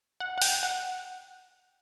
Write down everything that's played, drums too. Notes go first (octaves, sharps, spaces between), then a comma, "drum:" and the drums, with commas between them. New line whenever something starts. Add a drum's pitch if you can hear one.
F#5
F#5
G5, drum: open hi-hat
F#5